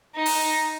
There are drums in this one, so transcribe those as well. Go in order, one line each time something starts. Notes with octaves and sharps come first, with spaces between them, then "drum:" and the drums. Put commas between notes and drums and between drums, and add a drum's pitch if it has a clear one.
D#4
drum: open hi-hat